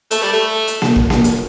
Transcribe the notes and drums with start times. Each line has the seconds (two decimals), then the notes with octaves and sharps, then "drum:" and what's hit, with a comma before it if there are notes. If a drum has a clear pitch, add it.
0.11 A3, drum: hi-hat
0.22 G3
0.33 A3
0.67 drum: hi-hat
0.82 drum: snare A#3
0.96 drum: kick
1.10 drum: snare A#3
1.24 drum: hi-hat